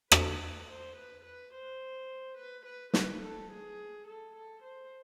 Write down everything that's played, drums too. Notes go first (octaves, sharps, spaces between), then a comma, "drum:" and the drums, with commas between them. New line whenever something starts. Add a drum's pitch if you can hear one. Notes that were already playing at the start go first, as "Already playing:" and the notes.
B4, drum: rim click
C5
B4
B4
C5
B4
B4
B4, drum: snare
A4
G#4
A4
A4
C5